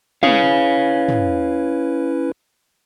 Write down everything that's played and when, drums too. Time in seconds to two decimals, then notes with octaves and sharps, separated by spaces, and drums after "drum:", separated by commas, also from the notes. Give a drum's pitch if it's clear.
0.23 C#4 E4 B4 C#5 F5, drum: tom
1.08 drum: tom